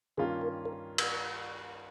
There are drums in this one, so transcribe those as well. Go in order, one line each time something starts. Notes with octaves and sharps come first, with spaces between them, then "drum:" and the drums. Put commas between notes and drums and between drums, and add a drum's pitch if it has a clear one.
G2 D#3 A#3 C#4 F4 G#4
A#4
A#4
drum: cymbal